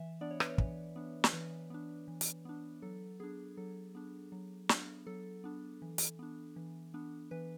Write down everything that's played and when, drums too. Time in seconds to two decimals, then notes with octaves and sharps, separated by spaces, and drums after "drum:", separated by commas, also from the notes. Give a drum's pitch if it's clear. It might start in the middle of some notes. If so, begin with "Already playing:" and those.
Already playing: E3 E5
0.21 B3 D4 D5
0.31 C#5
0.40 B4, drum: rim click
0.50 C#5
0.58 E3, drum: kick
0.96 B3 D4
1.24 drum: snare
1.33 E3 B4
1.70 B3 D4
2.08 E3
2.21 drum: hi-hat
2.45 B3 D4
2.82 F#3 A4
3.20 B3 D4 G#4
3.57 F#3 A4
3.95 B3 D4
4.32 F#3
4.69 B3 D4, drum: snare
5.07 F#3 A4
5.44 B3 D4
5.82 E3
5.98 drum: hi-hat
6.19 B3 D4
6.56 E3
6.94 B3 D4
7.31 E3 B4